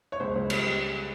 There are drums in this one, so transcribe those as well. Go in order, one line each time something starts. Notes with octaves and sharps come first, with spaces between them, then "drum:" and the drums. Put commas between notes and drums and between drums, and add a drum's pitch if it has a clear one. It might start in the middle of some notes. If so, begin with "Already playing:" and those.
C#5
C#2 C5
C#2
G3, drum: cymbal